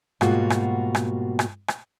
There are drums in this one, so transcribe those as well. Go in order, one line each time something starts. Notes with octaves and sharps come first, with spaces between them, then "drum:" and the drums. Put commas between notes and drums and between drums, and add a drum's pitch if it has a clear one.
G#2 B2 G3 A#3 F4 F#4, drum: rim click
drum: rim click
drum: rim click
drum: rim click
drum: rim click